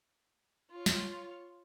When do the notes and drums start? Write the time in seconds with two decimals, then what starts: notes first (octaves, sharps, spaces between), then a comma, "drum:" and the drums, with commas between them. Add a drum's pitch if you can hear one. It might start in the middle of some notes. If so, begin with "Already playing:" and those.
0.72 F4 C#5
0.86 drum: snare